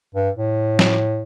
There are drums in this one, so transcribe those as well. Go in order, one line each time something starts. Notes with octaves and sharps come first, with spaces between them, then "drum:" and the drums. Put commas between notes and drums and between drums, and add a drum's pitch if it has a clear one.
G2
A2
drum: snare